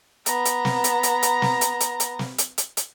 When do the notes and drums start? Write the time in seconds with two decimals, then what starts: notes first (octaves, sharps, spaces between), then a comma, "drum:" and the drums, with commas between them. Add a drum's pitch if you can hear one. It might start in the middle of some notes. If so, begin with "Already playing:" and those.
0.26 B3 A#5, drum: hi-hat
0.45 drum: hi-hat
0.65 drum: snare
0.84 drum: hi-hat
1.03 drum: hi-hat
1.23 drum: hi-hat
1.42 drum: snare
1.61 drum: hi-hat
1.81 drum: hi-hat
2.00 drum: hi-hat
2.19 drum: snare
2.38 drum: hi-hat
2.58 drum: hi-hat
2.77 drum: hi-hat